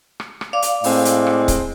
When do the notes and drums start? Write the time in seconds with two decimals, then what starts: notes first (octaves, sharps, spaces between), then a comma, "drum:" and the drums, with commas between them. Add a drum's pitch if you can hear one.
0.20 drum: rim click
0.41 drum: rim click
0.53 D5 F5 D6
0.62 drum: hi-hat
0.84 A2 G#3 C4, drum: open hi-hat
1.05 drum: hi-hat
1.27 drum: rim click
1.48 drum: kick C#1, hi-hat